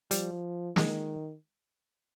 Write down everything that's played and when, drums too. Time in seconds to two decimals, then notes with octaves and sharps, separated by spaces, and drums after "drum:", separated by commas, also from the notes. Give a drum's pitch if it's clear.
0.11 F3 G3, drum: hi-hat
0.76 D#3 G#3, drum: snare